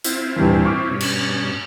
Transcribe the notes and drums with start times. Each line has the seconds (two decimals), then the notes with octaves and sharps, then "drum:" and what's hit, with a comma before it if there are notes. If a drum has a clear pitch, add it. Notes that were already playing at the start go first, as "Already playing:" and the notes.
0.04 C4 E4 F4, drum: hi-hat
0.36 D#1 G2 E3
0.65 C#6 D6 F6
0.91 G2 B2 C#4
1.01 drum: cymbal